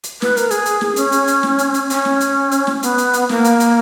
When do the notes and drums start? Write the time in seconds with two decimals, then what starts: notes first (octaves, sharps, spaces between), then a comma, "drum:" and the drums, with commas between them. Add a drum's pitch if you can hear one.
0.04 drum: hi-hat
0.22 B4, drum: snare
0.37 A#4, drum: hi-hat
0.51 G#4, drum: hi-hat
0.65 drum: hi-hat
0.81 drum: snare
0.96 C#4, drum: hi-hat
1.12 drum: hi-hat
1.27 drum: hi-hat
1.43 drum: snare
1.58 drum: hi-hat
1.74 drum: hi-hat
1.90 C#4, drum: hi-hat
2.05 drum: snare
2.20 drum: hi-hat
2.51 drum: hi-hat
2.67 drum: snare
2.83 B3, drum: hi-hat
2.98 drum: hi-hat
3.13 drum: hi-hat
3.29 A#3, drum: snare
3.44 drum: hi-hat
3.60 drum: hi-hat